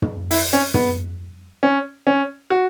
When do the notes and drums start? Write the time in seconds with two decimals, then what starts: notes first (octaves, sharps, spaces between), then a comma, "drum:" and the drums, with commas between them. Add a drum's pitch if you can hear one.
0.02 drum: tom
0.31 E4, drum: open hi-hat
0.53 C#4
0.74 B3, drum: tom
1.63 C#4
2.07 C#4
2.50 F#4